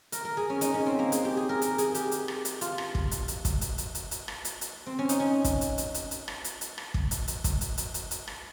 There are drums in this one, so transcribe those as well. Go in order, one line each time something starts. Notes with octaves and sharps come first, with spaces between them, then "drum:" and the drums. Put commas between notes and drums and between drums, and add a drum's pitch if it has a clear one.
A#4, drum: hi-hat
A#4
G#4
C#4
D#4, drum: hi-hat
C#4
C4
A#3
G#4, drum: hi-hat
G4
G#4
A#4
A#4, drum: hi-hat
G#4, drum: hi-hat
G4, drum: hi-hat
drum: hi-hat
drum: rim click
drum: hi-hat
F4, drum: hi-hat
drum: rim click
drum: kick
drum: hi-hat
drum: hi-hat
drum: kick, hi-hat
drum: hi-hat
drum: hi-hat
drum: hi-hat
drum: hi-hat
drum: rim click
drum: hi-hat
drum: hi-hat
C4
C#4
D#4, drum: hi-hat
C#4
drum: kick, hi-hat
drum: hi-hat
drum: hi-hat
drum: hi-hat
drum: hi-hat
drum: rim click
drum: hi-hat
drum: hi-hat
drum: rim click
drum: kick
drum: hi-hat
drum: hi-hat
drum: kick, hi-hat
drum: hi-hat
drum: hi-hat
drum: hi-hat
drum: hi-hat
drum: rim click